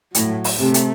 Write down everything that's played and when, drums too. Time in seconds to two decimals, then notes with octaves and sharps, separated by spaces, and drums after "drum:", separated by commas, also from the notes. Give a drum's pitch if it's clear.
0.15 A2 F#3, drum: hi-hat
0.44 drum: open hi-hat
0.60 C3 A3
0.74 drum: hi-hat